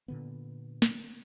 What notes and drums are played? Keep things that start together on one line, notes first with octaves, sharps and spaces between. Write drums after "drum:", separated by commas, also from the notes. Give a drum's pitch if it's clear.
A#2 D3 B3
drum: snare